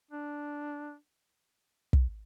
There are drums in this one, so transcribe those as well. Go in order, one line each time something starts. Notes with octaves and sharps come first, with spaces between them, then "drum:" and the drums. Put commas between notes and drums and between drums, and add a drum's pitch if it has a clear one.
D4
drum: kick